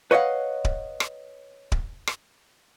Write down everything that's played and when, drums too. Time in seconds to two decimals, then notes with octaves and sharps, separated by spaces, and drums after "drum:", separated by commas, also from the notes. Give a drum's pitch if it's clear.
0.11 B4 C#5 D#5 F5 F#5
0.65 drum: kick D1
1.00 drum: rim click
1.72 drum: kick D1
2.07 drum: rim click